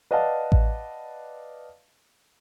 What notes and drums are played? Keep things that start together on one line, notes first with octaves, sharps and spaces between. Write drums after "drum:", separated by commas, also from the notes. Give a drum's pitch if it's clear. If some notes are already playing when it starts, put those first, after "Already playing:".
B4 D5 D#5 F5 F#5 A5
drum: kick A1